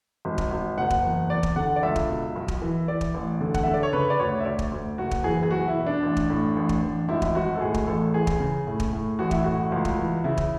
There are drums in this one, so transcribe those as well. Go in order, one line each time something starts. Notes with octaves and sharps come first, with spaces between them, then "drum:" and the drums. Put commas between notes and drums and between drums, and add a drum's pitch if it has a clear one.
G#1
drum: kick
G#1
F#1 F#5
drum: kick
E2
E2 D5
drum: kick
D3 F#5
D5
C#2 E5
drum: kick
B2
B1
drum: kick
E3
E3 D5
drum: kick
A1
D3
F#5, drum: kick
D3 E5
D5
C#5
C#3 B4
D5
D2 C#5
E5
D2 D5
drum: kick
D2
F#1 F#4
drum: kick
E3 G#4
G#4
B1 F#4
E4
B2
D4
A1
drum: kick
A2
A1
drum: kick
A1
G#1 E4
drum: kick
G#1 F#4
A4
A2 G#4
drum: kick
A1 A4
E3 G#4
drum: kick
C#3
A2
drum: kick
A2
A1 F#4
E4, drum: kick
A2 F#4
C#2
drum: kick
E3
C#3 E4
drum: kick